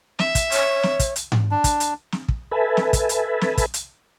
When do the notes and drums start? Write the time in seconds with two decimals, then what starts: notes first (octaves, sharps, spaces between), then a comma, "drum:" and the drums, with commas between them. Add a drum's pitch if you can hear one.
0.19 E5, drum: snare
0.35 drum: kick, hi-hat
0.52 C#5, drum: hi-hat
0.83 drum: snare
0.99 drum: kick, hi-hat
1.16 drum: hi-hat
1.32 drum: tom G#2
1.51 D4
1.64 drum: kick, hi-hat
1.80 drum: hi-hat
2.12 drum: snare
2.29 drum: kick
2.51 A4 B4 E5 G#5 A5 B5
2.77 drum: snare
2.93 drum: kick, hi-hat
3.09 drum: hi-hat
3.41 drum: snare
3.58 drum: kick, hi-hat
3.74 drum: hi-hat